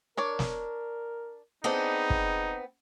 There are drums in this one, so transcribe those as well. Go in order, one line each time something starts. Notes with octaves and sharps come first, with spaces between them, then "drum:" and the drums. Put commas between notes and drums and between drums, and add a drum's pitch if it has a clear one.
D4 A#4 C#5 D5
drum: snare
B3 C4 D4 D#4 G#4 A4 D#5
drum: kick